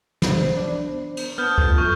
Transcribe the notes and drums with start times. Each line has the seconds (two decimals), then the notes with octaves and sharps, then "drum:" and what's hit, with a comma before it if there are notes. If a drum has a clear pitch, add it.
0.22 C2 B3 C5, drum: snare
0.57 D4
1.17 drum: cymbal
1.38 B3 A5 D#6 F6 G6
1.58 F4 A4, drum: kick C#2
1.78 F#2 C#6 G6